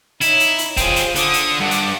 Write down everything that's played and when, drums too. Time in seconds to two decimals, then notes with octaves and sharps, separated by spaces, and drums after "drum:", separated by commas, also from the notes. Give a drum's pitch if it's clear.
0.21 D#4 E4 C#5, drum: hi-hat
0.40 drum: hi-hat
0.59 drum: hi-hat
0.77 C4 F4 G#4 C5, drum: kick C#1, hi-hat
0.96 drum: hi-hat
1.16 D3 D#6, drum: hi-hat
1.33 drum: hi-hat
1.61 G2 D5 F#5
1.71 drum: hi-hat